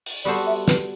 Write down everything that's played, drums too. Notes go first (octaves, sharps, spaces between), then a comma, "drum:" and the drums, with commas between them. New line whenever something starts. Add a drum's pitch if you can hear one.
drum: open hi-hat
G3 B3 F#4 A4 C5 D5
E5
B4, drum: snare